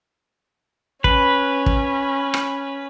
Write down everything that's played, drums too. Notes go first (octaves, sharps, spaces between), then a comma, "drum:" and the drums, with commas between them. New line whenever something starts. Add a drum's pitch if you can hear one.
C#4 B4, drum: kick
drum: kick
drum: rim click